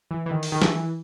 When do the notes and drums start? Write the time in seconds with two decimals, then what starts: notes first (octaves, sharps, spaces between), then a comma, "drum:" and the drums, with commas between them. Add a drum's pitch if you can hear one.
0.11 E3
0.26 E3
0.31 D#3
0.43 drum: open hi-hat
0.52 D#3
0.62 E3, drum: snare